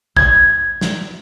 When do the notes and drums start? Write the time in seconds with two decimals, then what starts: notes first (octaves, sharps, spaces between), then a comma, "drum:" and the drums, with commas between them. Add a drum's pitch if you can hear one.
0.16 G#6, drum: kick
0.81 drum: snare